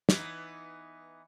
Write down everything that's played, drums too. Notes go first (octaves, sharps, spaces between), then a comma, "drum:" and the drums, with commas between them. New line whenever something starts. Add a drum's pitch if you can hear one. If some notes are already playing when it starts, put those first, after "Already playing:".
E3 B3 D#4, drum: snare